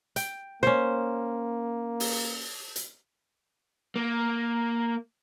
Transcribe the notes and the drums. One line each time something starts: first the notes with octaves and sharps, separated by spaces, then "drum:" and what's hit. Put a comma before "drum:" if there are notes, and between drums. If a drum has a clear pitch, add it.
G5, drum: hi-hat
A#3 C#4 C5, drum: rim click
drum: open hi-hat
drum: hi-hat
A#3